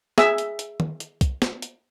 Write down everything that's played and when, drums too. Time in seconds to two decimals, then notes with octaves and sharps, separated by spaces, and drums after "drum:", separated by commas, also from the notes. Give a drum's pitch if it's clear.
0.18 G#4 E5, drum: snare
0.38 drum: hi-hat
0.59 drum: hi-hat
0.80 drum: tom D#3
1.00 drum: hi-hat
1.21 drum: kick, hi-hat
1.42 drum: snare
1.62 drum: hi-hat